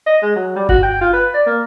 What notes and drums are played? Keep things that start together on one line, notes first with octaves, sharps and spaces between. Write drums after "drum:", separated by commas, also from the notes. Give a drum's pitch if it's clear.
D#5
G#3
F#3
G3
F#4, drum: kick G1
G5
F4
B4
D5
A#3